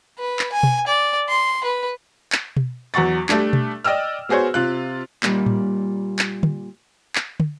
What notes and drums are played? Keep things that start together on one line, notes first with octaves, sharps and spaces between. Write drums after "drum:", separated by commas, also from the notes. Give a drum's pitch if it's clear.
B4
drum: clap
G#5
drum: tom B2
D5
C6
B4
drum: clap
drum: tom B2
E2 F#3 F#5 C#6 A6
G3 A3 D4, drum: clap
drum: tom B2
D5 D#5 G5 E6 F6
B3 F#4 G#4 C5 C#5
C3 F4 F#6
A#2 G3, drum: clap
drum: tom A2
drum: clap
drum: tom
drum: clap
drum: tom